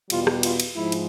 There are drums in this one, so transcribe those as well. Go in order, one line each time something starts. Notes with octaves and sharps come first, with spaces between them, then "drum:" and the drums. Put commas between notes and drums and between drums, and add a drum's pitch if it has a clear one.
E2 B2 G3 F4, drum: cymbal
drum: rim click
F4, drum: cymbal
drum: cymbal
G#2 F3 G#3 E4
drum: cymbal